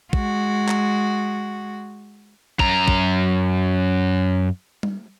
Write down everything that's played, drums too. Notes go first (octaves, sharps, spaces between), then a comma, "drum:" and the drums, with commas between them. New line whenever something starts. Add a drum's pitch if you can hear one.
G#3 F#4, drum: kick
drum: clap
F#2 A#5, drum: kick
drum: kick
drum: tom G3